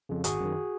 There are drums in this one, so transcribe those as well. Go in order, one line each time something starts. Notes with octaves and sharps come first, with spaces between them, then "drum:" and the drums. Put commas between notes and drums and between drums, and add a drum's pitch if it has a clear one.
F2 C#3
G#1 F#4 G#4, drum: hi-hat
F#2 D#3